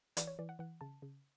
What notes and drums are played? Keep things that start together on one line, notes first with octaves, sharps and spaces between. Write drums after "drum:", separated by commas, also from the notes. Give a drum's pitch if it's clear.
E3 D5, drum: hi-hat
C#5
E3 D5
F#5
E3 F#5
C#3 A5
C#3